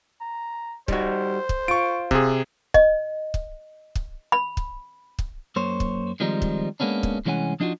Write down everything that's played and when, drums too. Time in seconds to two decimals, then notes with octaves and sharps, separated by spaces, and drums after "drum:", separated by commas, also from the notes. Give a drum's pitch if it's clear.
0.21 A#5
0.88 G3 D#4 F#4 C5, drum: kick
1.49 drum: kick
1.68 F4 C#6 D7
2.11 C3 G#4, drum: kick
2.74 D#5, drum: kick
3.34 drum: kick
3.95 drum: kick
4.32 B5
4.57 drum: kick
5.19 drum: kick
5.56 F#2 A#3 C5 C#5
5.80 drum: kick
6.20 D#3 F3 G3 G#3 C4 D#4
6.42 drum: kick
6.80 G#3 A#3 B3 C#4 D4
7.03 drum: kick
7.25 C2 E3 G#3 C#4 F#5 G#5
7.60 F3 D4 D#4 F4 F#4